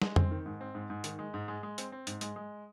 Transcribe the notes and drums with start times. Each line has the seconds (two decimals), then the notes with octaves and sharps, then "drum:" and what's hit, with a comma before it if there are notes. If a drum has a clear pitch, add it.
0.02 G#3, drum: snare
0.16 C4, drum: tom F2
0.31 D#3
0.46 G#2
0.61 C4
0.75 G#2
0.90 G#2
1.04 D#3, drum: hi-hat
1.19 G#3
1.34 G#2
1.48 G#3
1.63 G#3
1.78 C4, drum: hi-hat
1.92 C4
2.07 G#2, drum: hi-hat
2.21 G#3, drum: hi-hat
2.36 G#3